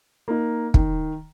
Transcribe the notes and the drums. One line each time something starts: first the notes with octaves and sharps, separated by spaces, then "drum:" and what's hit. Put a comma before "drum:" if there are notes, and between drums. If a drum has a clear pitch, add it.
A#3 D#4
D#3, drum: kick